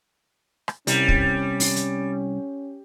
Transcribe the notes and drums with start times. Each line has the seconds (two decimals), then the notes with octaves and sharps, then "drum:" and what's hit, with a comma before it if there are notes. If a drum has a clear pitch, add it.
0.68 drum: rim click
0.87 C2 G3 C#4, drum: hi-hat
1.08 drum: kick
1.60 drum: open hi-hat
1.76 drum: hi-hat